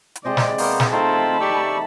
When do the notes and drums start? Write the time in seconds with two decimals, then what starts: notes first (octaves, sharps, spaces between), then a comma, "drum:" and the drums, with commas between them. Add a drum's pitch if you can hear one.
0.16 drum: hi-hat
0.25 C3 G#3 G4 C5 D5 D#5
0.37 drum: snare
0.58 A#3 B3 C5 E5 F5 G5, drum: open hi-hat
0.80 drum: snare
0.92 A3 C4 D#4 F4 A4 A5 B5
1.41 G4 D5 C#6 E6